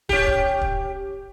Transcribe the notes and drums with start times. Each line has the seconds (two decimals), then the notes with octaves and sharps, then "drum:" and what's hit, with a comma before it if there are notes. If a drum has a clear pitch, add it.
0.09 C#4 G4, drum: kick
0.27 drum: kick
0.61 drum: kick